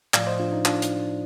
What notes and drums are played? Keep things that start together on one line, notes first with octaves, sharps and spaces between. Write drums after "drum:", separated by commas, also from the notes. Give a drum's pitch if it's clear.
A2 F3 D5 F5, drum: clap
C5 D#5
D4 F4
D#4
D4 F4, drum: clap
drum: hi-hat